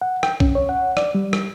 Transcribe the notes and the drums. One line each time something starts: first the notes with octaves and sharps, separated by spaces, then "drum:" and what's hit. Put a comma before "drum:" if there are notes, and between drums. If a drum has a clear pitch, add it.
F#5
G5, drum: rim click
C#4, drum: kick B1
C#5
F#5
D5, drum: rim click
G3
drum: rim click